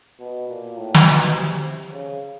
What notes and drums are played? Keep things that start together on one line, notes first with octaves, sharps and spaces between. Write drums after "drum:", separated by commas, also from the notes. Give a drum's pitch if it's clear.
B2
A#2
A2
drum: snare
B2
C3
C#3